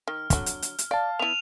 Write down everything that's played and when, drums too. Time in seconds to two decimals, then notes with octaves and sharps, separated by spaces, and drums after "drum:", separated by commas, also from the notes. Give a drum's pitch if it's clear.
0.08 D#3 F6
0.30 D3 F#3, drum: kick, hi-hat
0.46 drum: hi-hat
0.62 drum: hi-hat
0.78 drum: hi-hat
0.91 D5 F5 A5
1.19 B3 E4 D#7 F7